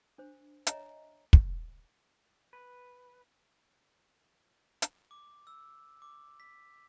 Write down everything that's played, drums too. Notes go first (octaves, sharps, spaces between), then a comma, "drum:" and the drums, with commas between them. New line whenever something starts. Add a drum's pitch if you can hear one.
D4 C5
C#5 D#5 E5 G#5 A#5, drum: hi-hat
drum: kick
B4
drum: hi-hat
D6
E6
D6
B6